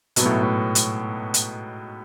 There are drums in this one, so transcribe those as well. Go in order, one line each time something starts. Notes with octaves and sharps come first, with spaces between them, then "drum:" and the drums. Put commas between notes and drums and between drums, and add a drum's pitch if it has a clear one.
G#2 B2 F#3 B3, drum: hi-hat
A2
A2
drum: hi-hat
drum: hi-hat